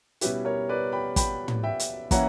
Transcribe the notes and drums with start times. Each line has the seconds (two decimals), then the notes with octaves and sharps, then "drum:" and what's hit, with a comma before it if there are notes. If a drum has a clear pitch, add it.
0.21 B2 G3 C#4 E4 G4 B4, drum: hi-hat
0.45 A#4 C#5
0.69 B4 D5
0.92 G5 B5
1.16 G5 B5, drum: kick, hi-hat
1.48 drum: tom
1.63 E5 G5
1.80 drum: hi-hat
2.11 E3 A#3 C#4 E4 F#5 A#5, drum: kick, hi-hat